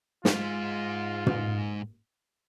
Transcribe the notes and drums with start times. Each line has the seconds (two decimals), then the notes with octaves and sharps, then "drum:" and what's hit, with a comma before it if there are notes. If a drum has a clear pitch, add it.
0.25 G#2 G#3 F4, drum: snare
1.27 drum: tom